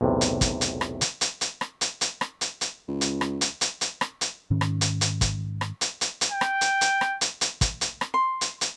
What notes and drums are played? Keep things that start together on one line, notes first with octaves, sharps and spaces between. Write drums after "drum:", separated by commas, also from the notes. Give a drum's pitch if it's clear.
B1 E2 A2 C3
drum: hi-hat
drum: kick, hi-hat
drum: hi-hat
drum: rim click
drum: hi-hat
drum: hi-hat
drum: hi-hat
drum: rim click
drum: hi-hat
drum: hi-hat
drum: rim click
drum: hi-hat
drum: hi-hat
C#2
drum: hi-hat
drum: rim click
drum: hi-hat
drum: hi-hat
drum: hi-hat
drum: rim click
drum: hi-hat
G#2 D#3 C#4
drum: rim click
drum: hi-hat
drum: hi-hat
drum: kick, hi-hat
drum: rim click
drum: hi-hat
drum: hi-hat
drum: hi-hat
G5
drum: rim click
drum: hi-hat
drum: hi-hat
drum: rim click
drum: hi-hat
drum: hi-hat
drum: kick, hi-hat
drum: hi-hat
drum: rim click
C6
drum: hi-hat
drum: hi-hat